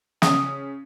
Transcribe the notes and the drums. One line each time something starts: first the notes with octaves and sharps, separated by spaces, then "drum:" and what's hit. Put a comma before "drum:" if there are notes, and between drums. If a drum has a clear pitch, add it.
C#3 D#6, drum: snare